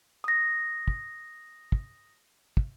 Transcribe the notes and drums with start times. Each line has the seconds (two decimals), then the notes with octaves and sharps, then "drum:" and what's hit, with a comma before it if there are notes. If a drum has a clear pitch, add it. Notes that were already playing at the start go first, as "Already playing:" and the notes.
0.24 D#6 A#6
0.88 drum: kick
1.72 drum: kick
2.57 drum: kick